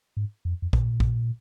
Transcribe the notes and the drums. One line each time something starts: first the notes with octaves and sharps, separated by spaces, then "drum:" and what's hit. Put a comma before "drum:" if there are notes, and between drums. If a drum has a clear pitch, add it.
G#2
F2
F2
A#2, drum: kick
drum: kick